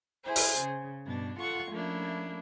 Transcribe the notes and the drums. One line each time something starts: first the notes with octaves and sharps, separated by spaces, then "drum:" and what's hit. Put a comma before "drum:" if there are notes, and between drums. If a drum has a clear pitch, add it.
E4 G#4 C5
drum: open hi-hat
C#3
G2 B2 D4
F4 A4 F#5 C#6
F3 A3 A#3 C#4 D4 E4